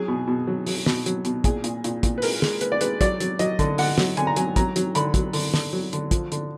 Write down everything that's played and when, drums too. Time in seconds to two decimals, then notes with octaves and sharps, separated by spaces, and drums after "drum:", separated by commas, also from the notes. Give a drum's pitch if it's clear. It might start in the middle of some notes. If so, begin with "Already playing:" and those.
Already playing: F#3 G#4
0.08 B2
0.27 B2
0.47 F#3
0.67 F#3, drum: open hi-hat
0.86 B2, drum: snare
1.06 F#3, drum: hi-hat
1.25 B2, drum: hi-hat
1.44 A#2 G#4, drum: kick, hi-hat
1.64 A#2, drum: hi-hat
1.84 A#2, drum: hi-hat
2.03 A#2, drum: kick, hi-hat
2.18 B4
2.22 G#3 A#4, drum: open hi-hat
2.42 G#3, drum: snare
2.61 G#3 B4, drum: hi-hat
2.72 D5
2.81 G#3 B4, drum: hi-hat
3.01 F#3 D5, drum: kick, hi-hat
3.20 F#3, drum: hi-hat
3.39 F#3 D#5, drum: hi-hat
3.59 D3, drum: kick, hi-hat
3.78 D3 F#5, drum: open hi-hat
3.98 F#3, drum: snare
4.17 D3 G#5, drum: hi-hat
4.27 A#5
4.36 F#3 G#5, drum: hi-hat
4.56 F#3 A#5, drum: kick, hi-hat
4.76 F#3, drum: hi-hat
4.95 D3 B5, drum: hi-hat
5.14 F#3, drum: kick, hi-hat
5.33 D3, drum: open hi-hat
5.54 D3, drum: snare
5.73 F#3
5.93 D3, drum: hi-hat
6.11 F3, drum: kick, hi-hat
6.32 D3, drum: hi-hat